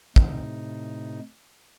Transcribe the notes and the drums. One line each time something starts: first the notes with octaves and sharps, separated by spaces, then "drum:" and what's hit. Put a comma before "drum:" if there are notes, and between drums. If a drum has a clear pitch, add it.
A2 C3 D#4, drum: kick